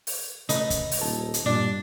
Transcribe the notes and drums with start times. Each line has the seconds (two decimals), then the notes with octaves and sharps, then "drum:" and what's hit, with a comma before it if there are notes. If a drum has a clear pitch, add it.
0.07 drum: open hi-hat
0.49 C#3 A3 D#4 B4, drum: hi-hat
0.70 drum: kick, hi-hat
0.91 drum: open hi-hat
1.01 D#1 A4
1.34 drum: hi-hat
1.46 G2 A#2 D4